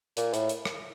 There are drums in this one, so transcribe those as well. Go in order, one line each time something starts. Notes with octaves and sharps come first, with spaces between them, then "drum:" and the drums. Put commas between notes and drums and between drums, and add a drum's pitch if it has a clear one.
A#2, drum: hi-hat
A2, drum: hi-hat
drum: hi-hat
drum: rim click